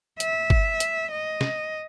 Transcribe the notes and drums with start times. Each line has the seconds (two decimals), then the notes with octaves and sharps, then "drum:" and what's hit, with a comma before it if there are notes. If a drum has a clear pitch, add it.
0.20 E5, drum: hi-hat
0.50 drum: kick G1
0.80 drum: hi-hat
1.11 D#5
1.41 drum: snare